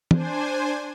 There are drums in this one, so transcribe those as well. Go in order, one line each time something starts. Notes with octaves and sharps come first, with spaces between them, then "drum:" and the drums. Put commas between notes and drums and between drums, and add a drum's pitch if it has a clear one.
D4 C5 G#5, drum: tom